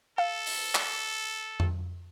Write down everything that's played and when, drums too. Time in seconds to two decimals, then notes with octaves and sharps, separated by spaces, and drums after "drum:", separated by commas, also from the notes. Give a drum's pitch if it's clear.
0.18 A4 F5
0.47 drum: open hi-hat
0.75 drum: clap
1.60 drum: tom F2